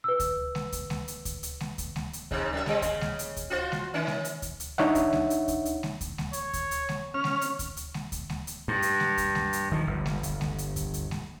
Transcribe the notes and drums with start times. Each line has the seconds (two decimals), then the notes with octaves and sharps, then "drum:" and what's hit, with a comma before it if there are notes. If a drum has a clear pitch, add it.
0.04 B4 E6
0.20 drum: kick D2, hi-hat
0.55 drum: snare G#3
0.72 drum: kick D2, hi-hat
0.90 drum: snare G#3
1.08 drum: hi-hat
1.25 drum: kick D2, hi-hat
1.43 drum: hi-hat
1.60 drum: snare G#3
1.78 drum: kick D2, hi-hat
1.96 drum: snare G#3
2.13 drum: hi-hat
2.31 G#2 C3, drum: kick D2
2.53 F#2 E5
2.66 C#3 G3 C4, drum: snare G#3
2.82 C#3, drum: kick D2, hi-hat
3.01 drum: snare G#3
3.19 drum: hi-hat
3.37 drum: kick D2, hi-hat
3.50 F4 F#4 C5
3.72 drum: snare G#3
3.94 D#3 C#4
4.07 drum: snare G#3
4.25 drum: hi-hat
4.42 drum: kick D2, hi-hat
4.60 drum: hi-hat
4.78 D4 D#4 C#5 E5 F#5, drum: snare G#3
4.95 drum: kick D2, hi-hat
5.13 drum: snare G#3
5.30 drum: hi-hat
5.48 drum: kick D2, hi-hat
5.65 drum: hi-hat
5.83 drum: snare G#3
6.01 drum: kick D2, hi-hat
6.18 drum: snare G#3
6.33 C#5, drum: hi-hat
6.53 drum: kick D2, hi-hat
6.71 drum: hi-hat
6.89 drum: snare G#3
7.14 C#4 F6
7.24 drum: snare G#3
7.41 drum: hi-hat
7.59 drum: kick D2, hi-hat
7.77 drum: hi-hat
7.94 drum: snare G#3
8.12 drum: kick D2, hi-hat
8.30 drum: snare G#3
8.47 drum: hi-hat
8.68 G2
8.82 drum: hi-hat
9.00 drum: snare G#3
9.18 drum: kick D2, hi-hat
9.35 drum: snare G#3
9.53 drum: hi-hat
9.72 D#3 F3, drum: kick D2
9.87 G1
10.06 drum: snare G#3
10.23 drum: kick D2, hi-hat
10.41 drum: snare G#3
10.58 drum: hi-hat
10.76 drum: kick D2, hi-hat
10.94 drum: hi-hat
11.11 drum: snare G#3